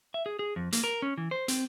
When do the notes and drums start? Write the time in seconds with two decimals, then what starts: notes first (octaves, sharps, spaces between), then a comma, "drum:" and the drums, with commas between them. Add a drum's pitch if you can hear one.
0.14 E5
0.26 G#4
0.39 G#4
0.56 F2
0.73 A#3, drum: hi-hat
0.84 A#4
1.02 C#4
1.18 E3
1.31 C5
1.48 C4, drum: hi-hat